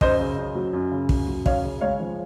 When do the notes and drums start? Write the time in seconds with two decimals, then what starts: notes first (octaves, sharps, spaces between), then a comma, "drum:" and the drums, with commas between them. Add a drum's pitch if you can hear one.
0.01 F#2 C5 D#5, drum: kick
0.19 C#3
0.38 F#2
0.55 F#3
0.73 F#2
0.92 C#3
1.09 F#2, drum: kick
1.27 F#3
1.46 F#2 C#5 F5, drum: kick
1.63 C#3
1.81 G#3 C#5 F5
2.00 F3